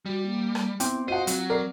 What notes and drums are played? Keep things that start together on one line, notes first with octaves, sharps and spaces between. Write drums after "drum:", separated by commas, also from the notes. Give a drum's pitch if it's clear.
G3 F#4
A#3
drum: rim click
B3 C4 E4 G5 D6, drum: hi-hat
F4 F#4 C5 D#5 F#5 D#7
F#3 C4, drum: hi-hat
A#4 D5 C7